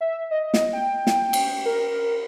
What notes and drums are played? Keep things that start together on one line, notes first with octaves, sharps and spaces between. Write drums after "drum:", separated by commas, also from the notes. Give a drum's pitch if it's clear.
E5
D#5
drum: snare
G5
drum: snare
drum: cymbal
A#4